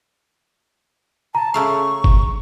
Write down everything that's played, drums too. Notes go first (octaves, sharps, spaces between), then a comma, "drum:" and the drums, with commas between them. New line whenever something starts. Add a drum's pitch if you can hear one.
A5 A#5
C#3 A3 F5 C#6
drum: kick F#1